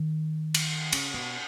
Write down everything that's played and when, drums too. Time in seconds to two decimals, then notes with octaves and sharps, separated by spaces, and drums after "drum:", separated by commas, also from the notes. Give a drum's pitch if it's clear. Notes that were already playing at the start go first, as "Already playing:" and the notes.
Already playing: D#3
0.54 drum: cymbal
0.92 C#3, drum: cymbal
1.14 B2